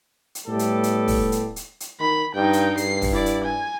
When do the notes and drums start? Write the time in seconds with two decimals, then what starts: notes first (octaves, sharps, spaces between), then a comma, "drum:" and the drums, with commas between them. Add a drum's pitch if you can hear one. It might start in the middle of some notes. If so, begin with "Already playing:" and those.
0.35 drum: hi-hat
0.47 A2 G3 A3 B3 G4 A4
0.59 drum: hi-hat
0.83 drum: hi-hat
1.08 drum: kick, open hi-hat
1.32 drum: hi-hat
1.56 drum: hi-hat
1.80 drum: hi-hat
2.00 D#3 B5
2.35 G2 D#4 G5
2.53 drum: hi-hat
2.77 G2 C7, drum: hi-hat
3.02 drum: kick, open hi-hat
3.12 E4 D5
3.26 drum: hi-hat
3.43 G#5